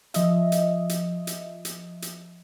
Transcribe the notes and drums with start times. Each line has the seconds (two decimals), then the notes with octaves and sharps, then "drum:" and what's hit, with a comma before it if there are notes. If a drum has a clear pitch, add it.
0.14 F3 D#5 E5, drum: hi-hat
0.52 drum: hi-hat
0.89 drum: hi-hat
1.27 drum: hi-hat
1.65 drum: hi-hat
2.02 drum: hi-hat